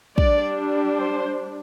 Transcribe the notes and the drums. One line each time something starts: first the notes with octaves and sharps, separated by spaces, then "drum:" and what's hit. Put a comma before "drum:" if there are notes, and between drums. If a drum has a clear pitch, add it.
G3 D4 D5, drum: kick
C5